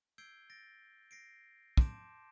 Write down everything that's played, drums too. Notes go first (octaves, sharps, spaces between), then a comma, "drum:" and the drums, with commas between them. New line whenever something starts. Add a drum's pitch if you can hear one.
E6 G6 G#6 C7 D7 G7
A6 A#6 D7
A#6 C7 D7
A5 C6 D6 G6 D7 E7, drum: kick